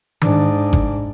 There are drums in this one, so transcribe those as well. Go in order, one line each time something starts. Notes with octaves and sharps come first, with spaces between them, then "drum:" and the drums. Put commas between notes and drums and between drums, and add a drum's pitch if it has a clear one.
G#2 D4, drum: tom D#3
drum: kick G#1, hi-hat